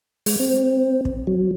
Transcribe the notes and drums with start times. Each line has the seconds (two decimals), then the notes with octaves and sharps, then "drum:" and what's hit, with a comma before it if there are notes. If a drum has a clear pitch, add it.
0.26 G#3, drum: open hi-hat
0.40 C4
1.05 drum: kick
1.27 F#3